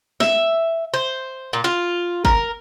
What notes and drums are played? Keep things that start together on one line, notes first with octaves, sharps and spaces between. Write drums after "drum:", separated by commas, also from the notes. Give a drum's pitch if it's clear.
E5, drum: snare
C5
A#2
F4
A#4, drum: kick